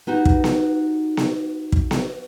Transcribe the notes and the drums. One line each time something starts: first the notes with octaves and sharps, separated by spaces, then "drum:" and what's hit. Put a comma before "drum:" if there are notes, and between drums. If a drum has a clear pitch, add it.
B3 D#4 F#4 G4
drum: kick
drum: snare B3
drum: snare B3
drum: kick
drum: snare B3